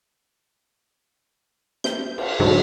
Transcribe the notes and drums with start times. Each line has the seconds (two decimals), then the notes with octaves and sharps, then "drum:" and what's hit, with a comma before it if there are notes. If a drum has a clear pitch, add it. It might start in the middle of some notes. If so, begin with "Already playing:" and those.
1.84 G6, drum: snare
2.18 drum: cymbal
2.40 G#2 D3 F#3